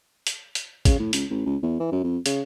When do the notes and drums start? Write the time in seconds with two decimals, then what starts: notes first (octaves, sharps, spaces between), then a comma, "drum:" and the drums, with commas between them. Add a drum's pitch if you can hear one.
0.27 drum: hi-hat
0.55 drum: hi-hat
0.85 C#3, drum: kick, hi-hat
0.99 A2
1.13 C#2, drum: hi-hat
1.30 A1
1.46 C#2
1.63 E2
1.80 E3
1.92 F#2
2.04 F2
2.26 C#3, drum: hi-hat